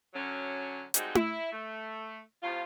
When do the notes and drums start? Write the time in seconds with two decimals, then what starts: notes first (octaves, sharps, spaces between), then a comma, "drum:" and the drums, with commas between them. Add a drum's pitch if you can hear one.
0.14 D3 F#3 C#4
0.94 F3 G3 G#3 C4 D#4 F#4, drum: hi-hat
1.15 E4, drum: tom E4
1.52 A3
2.42 A2 C3 F3 F4